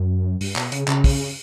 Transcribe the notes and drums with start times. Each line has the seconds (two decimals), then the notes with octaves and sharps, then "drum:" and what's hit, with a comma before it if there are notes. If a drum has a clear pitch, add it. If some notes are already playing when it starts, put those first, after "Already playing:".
Already playing: F#2
0.41 G2, drum: open hi-hat
0.56 B2, drum: clap
0.72 C#3, drum: hi-hat
0.88 C#3, drum: clap
1.04 drum: kick, open hi-hat